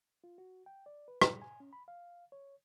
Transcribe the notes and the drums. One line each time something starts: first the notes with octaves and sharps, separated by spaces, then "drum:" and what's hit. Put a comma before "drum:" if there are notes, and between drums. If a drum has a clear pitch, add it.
F4
F#4
G5
D5
B4
G3, drum: rim click
G#5
C#4
B5
F5
C#5